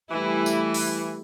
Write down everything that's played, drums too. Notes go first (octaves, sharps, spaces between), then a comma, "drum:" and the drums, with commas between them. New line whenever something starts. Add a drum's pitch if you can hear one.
E3 G3 A3 E4
drum: tambourine
drum: open hi-hat